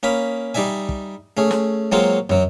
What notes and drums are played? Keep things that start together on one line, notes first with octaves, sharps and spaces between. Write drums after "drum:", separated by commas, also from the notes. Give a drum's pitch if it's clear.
A#3 C#4 B5 D#6
G3 D#4 D5 E5 G#5
drum: kick
A3 C#4 G#4
drum: snare
F#3 G#3 A#3 C4 F4 C#5
F#2 F#3, drum: tom